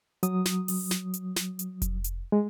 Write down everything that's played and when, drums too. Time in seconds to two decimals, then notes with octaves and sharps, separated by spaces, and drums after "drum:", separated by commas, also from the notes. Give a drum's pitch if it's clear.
0.23 F#3 D#6, drum: hi-hat
0.45 drum: snare
0.68 drum: open hi-hat
0.91 drum: snare
1.14 drum: hi-hat
1.36 drum: snare
1.59 drum: hi-hat
1.82 drum: kick F1, hi-hat
2.04 drum: hi-hat
2.32 G#3